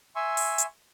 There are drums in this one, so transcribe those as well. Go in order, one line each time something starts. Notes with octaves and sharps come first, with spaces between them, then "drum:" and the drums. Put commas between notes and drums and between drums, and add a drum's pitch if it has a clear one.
E5 G#5 C6 C#6 E6
drum: open hi-hat
drum: hi-hat